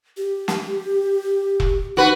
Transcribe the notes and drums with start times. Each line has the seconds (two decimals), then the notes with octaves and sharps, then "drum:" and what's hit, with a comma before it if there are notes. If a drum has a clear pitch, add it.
0.17 G4
0.48 drum: snare
1.60 drum: kick E1
1.97 D#4 F#4 B4